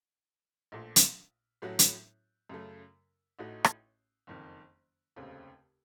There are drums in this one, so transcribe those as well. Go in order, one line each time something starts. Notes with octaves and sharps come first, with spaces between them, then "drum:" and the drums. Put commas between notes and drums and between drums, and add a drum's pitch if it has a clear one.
A#1 A#2 A3
drum: hi-hat
A2 F#3 A3 C#4 F#4
drum: hi-hat
F#2 C#3 A3
A1 A2 A3 D#4 F#4
drum: rim click
F#1 F2 D#3
F1 D#2 C#3 A3 C4